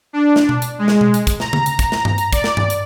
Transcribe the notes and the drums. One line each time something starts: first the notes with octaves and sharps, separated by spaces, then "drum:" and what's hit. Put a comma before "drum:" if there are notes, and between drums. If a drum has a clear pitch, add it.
D4
drum: snare
drum: tom B2
drum: hi-hat
G#3
drum: snare
drum: tom B2
drum: hi-hat
drum: kick, hi-hat
A#5, drum: snare
drum: tom C#3
drum: hi-hat
drum: kick, hi-hat
drum: snare
drum: tom G2
drum: hi-hat
D5, drum: kick, hi-hat
drum: snare
drum: tom G2
drum: hi-hat